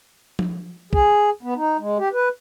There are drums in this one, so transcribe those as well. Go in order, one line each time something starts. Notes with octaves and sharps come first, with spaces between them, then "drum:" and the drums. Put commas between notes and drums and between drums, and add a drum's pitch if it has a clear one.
drum: tom F3
G#4, drum: kick
B3
D#4
G#3
G4
B4